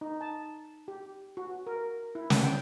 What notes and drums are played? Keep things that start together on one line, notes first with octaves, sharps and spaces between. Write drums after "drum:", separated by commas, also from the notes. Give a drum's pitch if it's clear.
D#4
A5
G4
F#4
A#4
E4
D4, drum: snare
G5